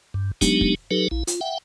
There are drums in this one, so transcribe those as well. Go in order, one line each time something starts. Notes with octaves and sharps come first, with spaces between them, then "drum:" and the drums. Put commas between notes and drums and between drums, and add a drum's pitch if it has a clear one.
G2
F#3 G#3 B3 D4 D#4 G4, drum: kick, hi-hat
drum: kick
F#3 D#4 G4 A4 B4
A#1 E4
F4, drum: hi-hat
E5 F#5 G5